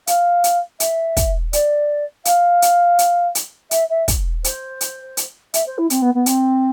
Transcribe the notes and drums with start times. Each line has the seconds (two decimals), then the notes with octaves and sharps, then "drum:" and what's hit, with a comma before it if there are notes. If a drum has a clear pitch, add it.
0.07 F5, drum: hi-hat
0.44 drum: hi-hat
0.80 E5, drum: hi-hat
1.17 drum: kick, hi-hat
1.53 D5, drum: hi-hat
2.25 F5, drum: hi-hat
2.62 drum: hi-hat
2.99 drum: hi-hat
3.35 drum: hi-hat
3.71 E5, drum: hi-hat
3.90 E5
4.08 drum: kick, hi-hat
4.44 C5, drum: hi-hat
4.81 drum: hi-hat
5.17 drum: hi-hat
5.54 E5, drum: hi-hat
5.66 C5
5.78 E4
5.90 C4, drum: hi-hat
6.02 B3
6.14 B3
6.26 C4, drum: hi-hat